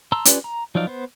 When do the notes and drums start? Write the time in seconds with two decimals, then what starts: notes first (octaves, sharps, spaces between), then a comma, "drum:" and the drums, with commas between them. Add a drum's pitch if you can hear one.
0.12 A5 A#5 C6 E6
0.25 C#4 F4 G4 B4 D5, drum: hi-hat
0.44 A#5
0.75 F3 F#3 D#4 D5 F5
0.87 B3 C5